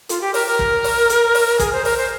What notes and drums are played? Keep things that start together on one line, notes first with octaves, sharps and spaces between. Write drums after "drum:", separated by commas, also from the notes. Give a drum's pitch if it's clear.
F4, drum: hi-hat
G4
A#4, drum: open hi-hat
A#4
drum: kick
drum: open hi-hat
drum: hi-hat
drum: open hi-hat
G#4, drum: kick, hi-hat
C5
A#4, drum: open hi-hat
C5